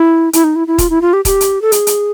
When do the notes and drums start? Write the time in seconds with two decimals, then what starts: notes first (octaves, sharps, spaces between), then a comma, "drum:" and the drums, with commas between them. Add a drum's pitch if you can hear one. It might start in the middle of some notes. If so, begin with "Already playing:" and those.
Already playing: E4
0.33 E4, drum: hi-hat
0.44 D#4
0.56 E4
0.67 E4
0.78 F4, drum: kick D#1, hi-hat
0.90 E4
1.02 F4
1.13 G4
1.25 G4, drum: kick D#1, hi-hat
1.41 drum: hi-hat
1.62 A4
1.72 G#4, drum: hi-hat
1.87 drum: hi-hat